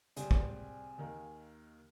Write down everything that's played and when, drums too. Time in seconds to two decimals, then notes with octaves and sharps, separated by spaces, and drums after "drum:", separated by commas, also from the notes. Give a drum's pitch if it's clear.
0.16 C2 C3 G3 C4 G#4 G#5, drum: hi-hat
0.31 drum: kick
0.98 D#2 D#3 A#3